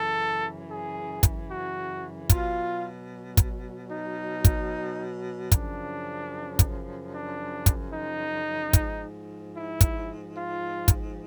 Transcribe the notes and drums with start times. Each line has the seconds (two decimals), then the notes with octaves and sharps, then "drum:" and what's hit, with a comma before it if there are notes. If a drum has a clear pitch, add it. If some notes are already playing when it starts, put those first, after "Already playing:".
Already playing: F#2 C#3 E3 A4
0.69 G#4
1.23 drum: kick, hi-hat
1.49 F#4
2.30 B2 F#3 F4, drum: kick, hi-hat
3.37 drum: kick, hi-hat
3.91 D#4
4.45 drum: kick, hi-hat
5.52 F#2 C#3 F3 D4, drum: kick, hi-hat
6.59 drum: kick, hi-hat
7.13 D4
7.66 drum: kick, hi-hat
7.93 D#4
8.73 G#2 F3, drum: kick, hi-hat
9.54 E4
9.81 drum: kick, hi-hat
10.34 F4
10.88 drum: kick, hi-hat